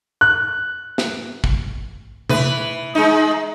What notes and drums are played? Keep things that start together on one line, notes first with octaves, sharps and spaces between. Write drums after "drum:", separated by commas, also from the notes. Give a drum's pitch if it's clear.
F#6
drum: snare
drum: kick
E3 B4, drum: tom C3
G#3 D#4